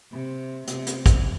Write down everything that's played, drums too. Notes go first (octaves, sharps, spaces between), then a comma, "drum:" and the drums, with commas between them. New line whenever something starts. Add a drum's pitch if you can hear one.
C3
C3, drum: hi-hat
drum: hi-hat
drum: kick, hi-hat